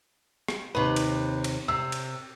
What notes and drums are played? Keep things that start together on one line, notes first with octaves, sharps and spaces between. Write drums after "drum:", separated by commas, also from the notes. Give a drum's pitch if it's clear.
drum: rim click
D#2 C3 B4
drum: cymbal
drum: cymbal
C3 E6
drum: cymbal